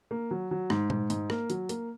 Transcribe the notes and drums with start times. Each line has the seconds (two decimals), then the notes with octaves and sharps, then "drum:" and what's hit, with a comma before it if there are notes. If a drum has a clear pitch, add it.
0.11 A#3
0.31 F#3
0.51 F#3
0.70 G#2, drum: rim click
0.90 G#2, drum: tom A#2
1.10 G#2, drum: hi-hat
1.30 A#3, drum: rim click
1.50 F#3, drum: hi-hat
1.69 A#3, drum: hi-hat